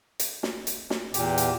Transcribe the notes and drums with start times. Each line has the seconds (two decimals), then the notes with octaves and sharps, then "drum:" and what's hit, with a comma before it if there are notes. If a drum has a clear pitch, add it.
0.20 drum: hi-hat
0.43 drum: snare
0.67 drum: hi-hat
0.90 drum: snare
1.14 E2 A#2 G4, drum: hi-hat
1.38 drum: hi-hat